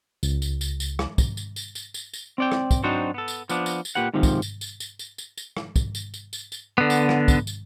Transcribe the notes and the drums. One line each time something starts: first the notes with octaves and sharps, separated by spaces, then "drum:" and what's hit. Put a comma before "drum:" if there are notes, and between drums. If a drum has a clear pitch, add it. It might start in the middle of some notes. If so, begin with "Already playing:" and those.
C#2, drum: tambourine
drum: tambourine
drum: tambourine
drum: tambourine
drum: rim click
drum: kick, tambourine
drum: tambourine
drum: tambourine
drum: tambourine
drum: tambourine
drum: tambourine
C4 D5 G5
drum: rim click
drum: kick, tambourine
F#3 C4 D4 D#4 F#4 C5
B3 A4
drum: tambourine
F3 B3 D4, drum: tambourine
drum: tambourine
drum: tambourine
A#2 G4 B4 F#5
G#2 C3 D#3 F3
drum: kick, tambourine
drum: tambourine
drum: tambourine
drum: tambourine
drum: tambourine
drum: tambourine
drum: tambourine
drum: rim click
drum: kick, tambourine
drum: tambourine
drum: tambourine
drum: tambourine
drum: tambourine
D3 B3
drum: tambourine
drum: rim click
drum: kick, tambourine
drum: tambourine